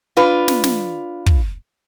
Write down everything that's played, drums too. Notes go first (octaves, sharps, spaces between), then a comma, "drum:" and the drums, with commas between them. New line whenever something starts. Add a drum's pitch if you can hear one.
D4 F4 B4
drum: snare
drum: snare
drum: kick